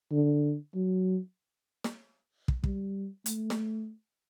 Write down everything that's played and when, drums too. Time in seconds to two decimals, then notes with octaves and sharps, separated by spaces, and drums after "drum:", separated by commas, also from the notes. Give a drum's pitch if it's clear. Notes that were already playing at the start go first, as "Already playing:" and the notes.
0.12 D3
0.75 F#3
1.84 drum: snare
2.48 drum: kick
2.64 G3, drum: kick
3.26 A3, drum: hi-hat
3.50 drum: snare